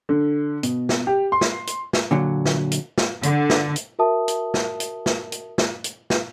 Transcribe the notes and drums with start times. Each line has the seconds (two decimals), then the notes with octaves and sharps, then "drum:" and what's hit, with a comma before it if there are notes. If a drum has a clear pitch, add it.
0.09 D3
0.63 B2, drum: hi-hat
0.89 drum: snare
1.07 G4
1.32 C6
1.41 drum: snare
1.67 drum: hi-hat
1.93 drum: snare
2.11 A#2 D3 F#3
2.45 drum: snare
2.72 drum: hi-hat
2.98 drum: snare
3.23 D3, drum: hi-hat
3.50 drum: snare
3.76 drum: hi-hat
3.99 F#4 A#4 E5 A5 D#6
4.28 drum: hi-hat
4.54 drum: snare
4.80 drum: hi-hat
5.06 drum: snare
5.32 drum: hi-hat
5.58 drum: snare
5.84 drum: hi-hat
6.10 drum: snare